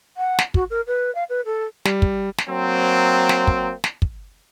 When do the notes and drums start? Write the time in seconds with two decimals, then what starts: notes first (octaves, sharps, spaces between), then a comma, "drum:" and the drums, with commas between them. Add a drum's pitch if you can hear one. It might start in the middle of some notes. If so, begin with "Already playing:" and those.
0.17 F#5
0.39 drum: snare
0.54 F#4, drum: kick
0.70 A#4
0.87 B4
1.15 F5
1.29 B4
1.45 A4
1.85 G3, drum: snare
2.02 drum: kick
2.38 drum: snare
2.49 F#3 A#3 C4
3.29 drum: snare
3.47 drum: kick
3.84 drum: snare
4.02 drum: kick